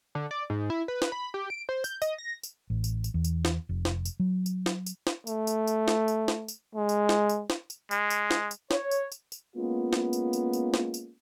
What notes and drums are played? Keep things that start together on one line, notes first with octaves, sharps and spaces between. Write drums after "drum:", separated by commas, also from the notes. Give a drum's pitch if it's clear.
D3
D5
G#2
E4
B4
drum: snare
B5
G4
D7
C5
G6, drum: tambourine
D#5, drum: tambourine
A#6
drum: tambourine
A1
drum: tambourine
drum: tambourine
E2
drum: tambourine
drum: snare
F1
drum: snare
drum: tambourine
F#3
drum: tambourine
drum: snare
drum: tambourine
drum: snare
A3, drum: tambourine
drum: tambourine
drum: tambourine
drum: snare
drum: tambourine
drum: snare
drum: tambourine
G#3
drum: tambourine
drum: snare
drum: tambourine
drum: snare
drum: tambourine
G#3, drum: tambourine
drum: tambourine
drum: snare
drum: tambourine
C#5, drum: snare
drum: tambourine
drum: tambourine
drum: tambourine
G#3 A#3 B3 C#4 F4
drum: snare
drum: tambourine
drum: tambourine
drum: tambourine
drum: snare
drum: tambourine